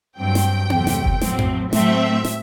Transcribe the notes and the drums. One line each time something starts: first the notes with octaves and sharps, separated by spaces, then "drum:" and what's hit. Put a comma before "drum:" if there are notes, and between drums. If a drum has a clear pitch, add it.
G2 F#3 C4 G5
drum: snare
E2 C3 F#3 A3, drum: tom B3
drum: snare
drum: kick F#1
A2 F#3 C4, drum: snare
drum: tom F2
A2 F#3 A3 C4 E5, drum: snare
drum: snare